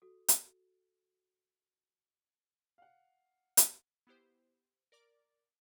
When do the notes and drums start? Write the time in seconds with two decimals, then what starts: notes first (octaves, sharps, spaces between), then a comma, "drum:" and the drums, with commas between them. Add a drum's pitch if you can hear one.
0.02 F#4 A4
0.28 drum: hi-hat
2.78 F5 F#5
3.57 drum: hi-hat
4.07 B3 E4 G4 C5
4.92 A#4 D5 D6 A6